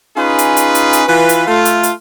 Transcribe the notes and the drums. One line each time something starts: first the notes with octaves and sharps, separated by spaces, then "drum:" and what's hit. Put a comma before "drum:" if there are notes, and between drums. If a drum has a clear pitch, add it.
C#4 D#4 F4 G#4 B4
drum: hi-hat
drum: hi-hat
drum: hi-hat
drum: hi-hat
E3 F4 B4
drum: hi-hat
A3 F4
drum: hi-hat
drum: hi-hat